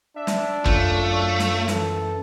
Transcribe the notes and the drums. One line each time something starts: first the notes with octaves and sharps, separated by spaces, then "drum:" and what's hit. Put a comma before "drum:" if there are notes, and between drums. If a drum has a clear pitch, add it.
D4 E5
drum: snare
F#2 A3 F4, drum: kick
drum: snare
E3 A4, drum: snare